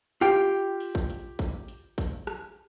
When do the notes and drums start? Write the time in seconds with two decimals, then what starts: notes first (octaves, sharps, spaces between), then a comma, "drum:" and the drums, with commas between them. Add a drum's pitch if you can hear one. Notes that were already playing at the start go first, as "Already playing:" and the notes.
0.21 F4 G4 G5, drum: hi-hat
0.80 drum: open hi-hat
0.95 drum: kick
1.10 drum: hi-hat
1.39 drum: kick, hi-hat
1.68 drum: hi-hat
1.98 drum: kick, hi-hat
2.27 drum: rim click